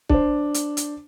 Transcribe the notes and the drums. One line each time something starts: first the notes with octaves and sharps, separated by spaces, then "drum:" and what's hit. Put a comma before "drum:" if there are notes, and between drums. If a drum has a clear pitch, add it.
D4 C5, drum: kick
drum: hi-hat
drum: hi-hat